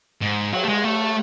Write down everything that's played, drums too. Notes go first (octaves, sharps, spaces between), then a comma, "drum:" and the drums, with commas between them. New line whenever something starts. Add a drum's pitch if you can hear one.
G#2
F#3, drum: cymbal
A3
G#3
A3